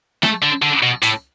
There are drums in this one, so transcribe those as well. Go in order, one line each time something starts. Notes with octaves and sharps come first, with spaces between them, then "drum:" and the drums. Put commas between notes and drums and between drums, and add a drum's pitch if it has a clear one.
A3, drum: rim click
D3
D3
B2
A2, drum: hi-hat